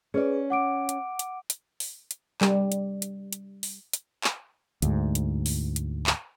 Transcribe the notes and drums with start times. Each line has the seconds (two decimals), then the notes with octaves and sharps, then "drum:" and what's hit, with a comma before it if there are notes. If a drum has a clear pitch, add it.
0.14 C#4 G#4 B4 D5
0.50 F#5 D6 D7
0.89 drum: hi-hat
1.19 drum: hi-hat
1.50 drum: hi-hat
1.80 drum: open hi-hat
2.11 drum: hi-hat
2.41 G3, drum: clap
2.72 drum: hi-hat
3.02 drum: hi-hat
3.33 drum: hi-hat
3.63 drum: open hi-hat
3.93 drum: hi-hat
4.24 drum: clap
4.82 D2 G#2, drum: hi-hat
5.15 drum: hi-hat
5.46 drum: open hi-hat
5.76 drum: hi-hat
6.07 drum: clap